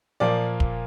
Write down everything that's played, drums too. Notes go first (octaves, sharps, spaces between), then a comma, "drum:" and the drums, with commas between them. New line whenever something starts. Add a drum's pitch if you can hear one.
A#2 F3 A#3 D5
drum: kick